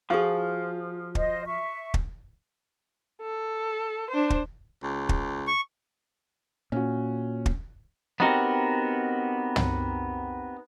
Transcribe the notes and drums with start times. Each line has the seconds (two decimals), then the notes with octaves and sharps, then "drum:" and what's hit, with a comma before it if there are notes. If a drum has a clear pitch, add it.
0.10 F3 F4 F#4 G#4
1.15 C5 D#5, drum: kick
1.46 E5 C#6
1.94 drum: kick
3.22 A4
4.11 D4 C5
4.30 drum: kick
4.83 C#2
5.09 drum: kick
5.47 C#6
6.72 A#2 C#4 F#4
7.46 drum: kick
8.20 B3 C4 D#4 F#4 G4 A#4
9.56 drum: tom